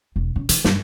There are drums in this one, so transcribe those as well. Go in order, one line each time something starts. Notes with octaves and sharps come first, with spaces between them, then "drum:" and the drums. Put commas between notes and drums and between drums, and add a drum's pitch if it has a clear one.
E1
C#3
E3, drum: hi-hat
G2, drum: snare